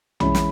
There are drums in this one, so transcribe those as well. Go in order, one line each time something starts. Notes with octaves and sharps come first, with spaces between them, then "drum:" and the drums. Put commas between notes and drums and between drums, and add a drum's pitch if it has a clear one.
E3 G#3 C#4 E4 B5, drum: tom A#1
drum: snare